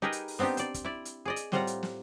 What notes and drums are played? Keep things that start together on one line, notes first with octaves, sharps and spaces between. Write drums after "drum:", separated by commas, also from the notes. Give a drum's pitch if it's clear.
D#4 G4 G#4 A#4 B4 D#5
drum: hi-hat
drum: open hi-hat
B3 C4 D4 D#4 G4
C5 D5, drum: hi-hat
drum: kick, hi-hat
E4 D5
drum: hi-hat
G#4 D5 D#5
drum: hi-hat
A2 G3 C4 F4 F#5 A#5, drum: snare
drum: hi-hat
drum: snare